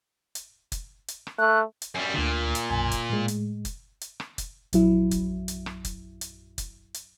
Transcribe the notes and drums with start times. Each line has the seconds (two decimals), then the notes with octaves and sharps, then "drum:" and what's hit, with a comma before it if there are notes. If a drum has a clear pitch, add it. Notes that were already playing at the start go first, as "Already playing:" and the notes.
0.35 drum: hi-hat
0.72 drum: kick, hi-hat
1.08 drum: hi-hat
1.27 drum: rim click
1.39 A3 F#6
1.82 drum: hi-hat
1.95 F#2 G3
2.14 D2 A#2 D3
2.55 drum: hi-hat
2.70 B1 F#2 G#5
2.91 drum: kick, hi-hat
3.10 A2 G#3
3.28 drum: hi-hat
3.65 drum: kick, hi-hat
4.01 drum: hi-hat
4.20 drum: rim click
4.38 drum: kick, hi-hat
4.73 A#1 F#2 F#3 E4, drum: hi-hat
5.11 drum: kick, hi-hat
5.48 drum: hi-hat
5.66 drum: rim click
5.85 drum: kick, hi-hat
6.21 drum: hi-hat
6.58 drum: kick, hi-hat
6.94 drum: hi-hat